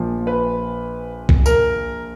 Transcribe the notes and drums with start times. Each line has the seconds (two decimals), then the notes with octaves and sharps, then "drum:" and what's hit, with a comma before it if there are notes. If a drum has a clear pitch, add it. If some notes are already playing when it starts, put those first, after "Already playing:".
Already playing: A#1 A#2 F3
0.27 B4
1.29 drum: kick
1.46 A#4, drum: tambourine